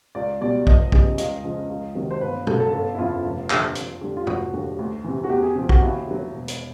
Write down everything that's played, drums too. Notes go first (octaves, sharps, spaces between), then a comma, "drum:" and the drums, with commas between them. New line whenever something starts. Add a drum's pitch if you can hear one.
C#2 D5
B2 G3 D5
F1 D#5, drum: kick A#1
E2 C#3 E3 G3, drum: kick A#1
C#2 D#5, drum: hi-hat
C#3 F3
C#2
C3 D#3 F#3
C5
G1 B4
F#2 C#3 F#3 A4, drum: tom
A4
G1 A4
E4
F2 C#3 F3 F4
F1
D#2 D3 F3, drum: clap
F2, drum: hi-hat
D3 G3
F4
F1 F#4, drum: tom
D#2 D3 G3
D2
C3 E3
F#4
E2 G4
G#4
C3 F3 G4
F#4, drum: kick A#1
D#2 E4
D3 F#3
E1
drum: hi-hat